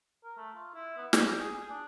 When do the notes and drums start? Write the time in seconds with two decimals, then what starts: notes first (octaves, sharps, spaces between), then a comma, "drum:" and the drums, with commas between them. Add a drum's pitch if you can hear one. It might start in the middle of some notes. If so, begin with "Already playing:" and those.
0.24 A#4
0.37 A3
0.55 F4
0.74 E4
0.97 B3
1.13 B4, drum: snare
1.27 G4
1.39 G#4
1.54 G#4
1.70 D4